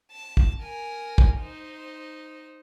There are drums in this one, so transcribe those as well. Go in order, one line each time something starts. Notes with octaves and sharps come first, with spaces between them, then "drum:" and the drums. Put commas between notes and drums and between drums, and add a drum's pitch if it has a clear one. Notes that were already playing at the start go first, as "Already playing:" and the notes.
A5
drum: kick
A#4 G#5
drum: kick
D#4 C5